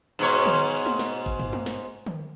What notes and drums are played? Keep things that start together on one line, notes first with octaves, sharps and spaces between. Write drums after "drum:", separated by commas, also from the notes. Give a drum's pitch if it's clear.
G#2 B2 C#5
drum: tom
drum: tom
drum: snare
drum: kick G1
drum: tom
drum: tom
drum: snare
drum: tom